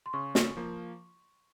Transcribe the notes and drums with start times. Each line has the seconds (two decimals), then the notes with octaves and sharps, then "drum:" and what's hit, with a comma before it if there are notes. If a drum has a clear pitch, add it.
0.06 C6
0.13 C#3 C#6
0.35 drum: snare
0.57 F3 A#3